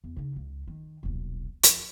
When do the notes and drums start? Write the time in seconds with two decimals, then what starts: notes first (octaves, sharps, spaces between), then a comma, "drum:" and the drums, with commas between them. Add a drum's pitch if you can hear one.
0.04 E2
0.17 C#3 D#4
0.36 C#2
0.68 D#3
1.03 D#1 B1
1.63 F2, drum: hi-hat